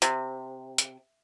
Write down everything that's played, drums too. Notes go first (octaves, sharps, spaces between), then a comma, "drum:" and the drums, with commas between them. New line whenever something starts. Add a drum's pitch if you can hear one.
C3, drum: hi-hat
drum: hi-hat